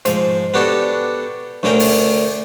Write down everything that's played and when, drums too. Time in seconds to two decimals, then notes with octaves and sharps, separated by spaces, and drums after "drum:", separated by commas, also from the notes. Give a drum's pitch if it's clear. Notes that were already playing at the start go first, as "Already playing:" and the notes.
0.05 G#2 F3, drum: hi-hat
0.54 B3 D4 F#4 G4 A4
1.63 D2 D3 C#4 A#4 G5, drum: snare
1.80 drum: open hi-hat